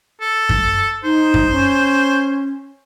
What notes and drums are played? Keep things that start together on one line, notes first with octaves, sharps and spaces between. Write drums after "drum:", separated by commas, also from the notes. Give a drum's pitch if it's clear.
A4
drum: kick F#2
D#4 C5
drum: kick F#2
C#4